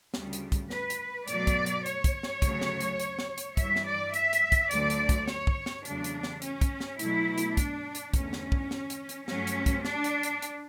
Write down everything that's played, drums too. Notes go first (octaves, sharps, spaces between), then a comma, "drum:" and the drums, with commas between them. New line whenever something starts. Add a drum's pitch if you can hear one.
D2 C#3 G3, drum: snare
drum: hi-hat
drum: kick, hi-hat
B4, drum: snare
drum: hi-hat
B2 F#3 A3 D5, drum: hi-hat
drum: kick, hi-hat
drum: hi-hat
C#5, drum: hi-hat
drum: kick, hi-hat
drum: snare
D2 C#3 F#3 A3, drum: kick, hi-hat
drum: snare
drum: hi-hat
drum: hi-hat
drum: snare
drum: hi-hat
G2 E3 G3 E5, drum: kick, hi-hat
drum: snare
D5
E5, drum: hi-hat
drum: hi-hat
drum: kick, hi-hat
D2 D3 F#3 A3 D5, drum: hi-hat
drum: hi-hat
drum: kick, hi-hat
C#5, drum: snare
drum: kick
drum: snare
E2 C#3 F#3 A3 D4, drum: hi-hat
drum: hi-hat
drum: snare
C#4, drum: hi-hat
drum: kick, hi-hat
drum: snare
B2 F#3 A3 E4, drum: hi-hat
drum: hi-hat
D4, drum: kick, hi-hat
drum: hi-hat
E2 D3 A3 C#4, drum: kick, hi-hat
drum: snare
drum: kick
drum: snare
drum: hi-hat
drum: hi-hat
G2 F#3 A3 C#4, drum: snare
drum: hi-hat
drum: kick, hi-hat
D4, drum: snare
drum: hi-hat
drum: hi-hat
drum: hi-hat